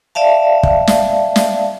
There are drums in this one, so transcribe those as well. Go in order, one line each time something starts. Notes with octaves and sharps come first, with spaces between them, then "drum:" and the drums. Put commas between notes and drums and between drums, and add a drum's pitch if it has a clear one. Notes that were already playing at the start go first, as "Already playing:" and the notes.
D5 E5 F5 A5
drum: kick
drum: snare
drum: snare